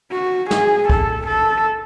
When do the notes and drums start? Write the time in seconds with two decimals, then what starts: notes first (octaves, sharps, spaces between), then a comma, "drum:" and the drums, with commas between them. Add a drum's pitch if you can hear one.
0.12 F#4
0.51 G#4, drum: snare
0.90 A4, drum: kick
1.28 A4